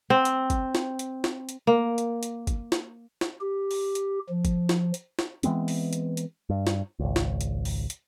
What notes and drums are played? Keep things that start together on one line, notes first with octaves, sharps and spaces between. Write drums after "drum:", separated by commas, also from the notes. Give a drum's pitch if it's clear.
C4
drum: hi-hat
drum: kick, hi-hat
drum: snare
drum: hi-hat
drum: snare
drum: hi-hat
A#3
drum: hi-hat
drum: hi-hat
drum: kick, hi-hat
drum: snare
drum: snare
G4
drum: open hi-hat
drum: hi-hat
F3
drum: kick, hi-hat
drum: snare
drum: hi-hat
drum: snare
E3 G#3 B3 C4, drum: hi-hat
drum: open hi-hat
drum: hi-hat
drum: hi-hat
G2
drum: snare
G#1 C#2
drum: snare
drum: hi-hat
drum: open hi-hat
drum: hi-hat